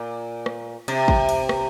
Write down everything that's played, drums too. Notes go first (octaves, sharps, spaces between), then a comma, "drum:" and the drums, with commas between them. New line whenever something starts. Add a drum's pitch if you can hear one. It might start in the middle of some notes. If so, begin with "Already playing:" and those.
Already playing: A#2
drum: rim click
C3, drum: cymbal
drum: kick
drum: cymbal
drum: rim click